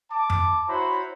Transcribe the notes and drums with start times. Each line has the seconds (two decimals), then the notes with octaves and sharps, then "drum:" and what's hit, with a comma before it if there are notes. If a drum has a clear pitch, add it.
0.11 A5 D6
0.30 drum: tom F2
0.68 E4 F#4 C5 C#5 A#5 B5